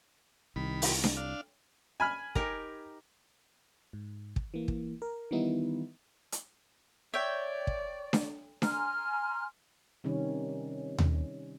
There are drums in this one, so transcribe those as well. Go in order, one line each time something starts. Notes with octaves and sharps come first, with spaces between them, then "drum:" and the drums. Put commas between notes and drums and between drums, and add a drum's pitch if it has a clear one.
C2 D#3 B5
drum: open hi-hat
drum: snare D4
D4 F5
G#5 B5 F6
D#4 G4 A#4, drum: kick
G#2
drum: kick
E3 A#3
drum: kick
A#4
D#3 E3 G3 B3 D#4 E4
drum: hi-hat
C#5 D5 E5 G5
drum: kick
drum: snare D4
G#5 A#5 C6 F6, drum: snare D4
C3 D#3 G3 C#4
drum: tom D#2